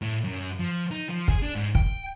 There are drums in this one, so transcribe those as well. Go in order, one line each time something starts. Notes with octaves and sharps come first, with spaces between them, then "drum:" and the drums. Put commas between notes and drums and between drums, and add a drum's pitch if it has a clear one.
A2
F#2
F3
D#4
F3
G#4, drum: kick
D4
G#2
G5, drum: kick